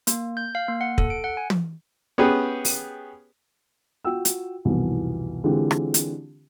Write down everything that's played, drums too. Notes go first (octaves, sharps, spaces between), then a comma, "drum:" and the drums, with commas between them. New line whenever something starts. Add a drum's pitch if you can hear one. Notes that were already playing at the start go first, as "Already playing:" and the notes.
A#3, drum: hi-hat
G6
F5
A#3
F#5
A4, drum: kick
D7
F#5
G#5
drum: tom
B3 C#4 G4 G#4 B4
drum: open hi-hat
F4 F#4 G5 E6
drum: hi-hat
C2 F2 G#2 B2 E3
D3 E3 G#3 C4 F4 G4
drum: rim click
drum: hi-hat